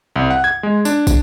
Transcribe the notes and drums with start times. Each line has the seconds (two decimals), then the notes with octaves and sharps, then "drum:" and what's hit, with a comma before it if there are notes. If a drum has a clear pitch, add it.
0.16 C2
0.30 F#5
0.44 G#6
0.63 G#3
0.85 D4, drum: tambourine
1.07 drum: kick, tambourine